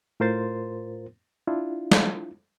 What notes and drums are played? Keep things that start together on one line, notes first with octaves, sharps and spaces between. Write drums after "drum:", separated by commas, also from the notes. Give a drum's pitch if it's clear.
A2 F4 A#4 C5 C6 A6
D4 E4 F4
drum: snare